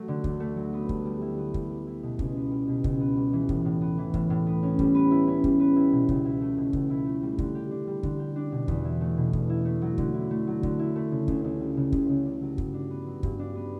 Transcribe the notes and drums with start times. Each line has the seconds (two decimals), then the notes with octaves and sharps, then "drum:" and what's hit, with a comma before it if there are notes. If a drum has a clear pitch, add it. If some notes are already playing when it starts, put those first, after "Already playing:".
Already playing: F#3 A3
0.08 D3
0.24 D2, drum: kick
0.40 A3
0.57 F#3
0.73 B3
0.89 G3, drum: kick
1.05 G3
1.21 E4
1.38 B3
1.54 G3, drum: kick
1.70 G3
1.87 E4
2.03 B2
2.19 C#2, drum: kick
2.35 B3
2.51 G3
2.68 B2
2.84 C#2, drum: kick
3.00 B3
3.16 G3
3.33 E3
3.49 A2, drum: kick
3.65 A2
3.81 B3
3.98 E3
4.14 A2, drum: kick
4.30 A2
4.46 B3
4.63 C#4
4.79 G3, drum: kick
4.95 B4
5.11 E4
5.27 C#4
5.44 G3, drum: kick
5.60 B4
5.76 E4
5.92 B2
6.09 C#2, drum: kick
6.25 E4
6.41 A3
6.58 B2
6.73 C#2, drum: kick
6.90 E4
7.06 A3
7.22 G3
7.38 D3, drum: kick
7.55 G4
7.71 D4
7.87 G3
8.03 D3, drum: kick
8.19 G4
8.36 D4
8.52 B2
8.68 E2, drum: kick
8.85 E4
9.01 A3
9.17 B2
9.33 E2, drum: kick
9.49 E4
9.65 A3
9.82 F#3
9.98 D3, drum: kick
10.14 E4
10.31 A3
10.47 F#3
10.63 D3, drum: kick
10.79 E4
10.96 A3
11.12 C#3
11.28 C#2, drum: kick
11.44 C#2
11.61 G3
11.77 C#3
11.92 C#2, drum: kick
12.09 C#2
12.25 G3
12.42 F#3
12.58 G2, drum: kick
12.74 D4
12.90 B3
13.07 F#3
13.23 G2, drum: kick
13.39 D4
13.55 B3